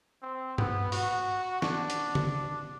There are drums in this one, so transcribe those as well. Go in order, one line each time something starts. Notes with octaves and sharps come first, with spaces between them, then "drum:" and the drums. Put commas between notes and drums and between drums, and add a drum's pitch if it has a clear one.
C4
B3, drum: tom G2
F#4, drum: open hi-hat
D4, drum: snare
drum: hi-hat
drum: tom C#3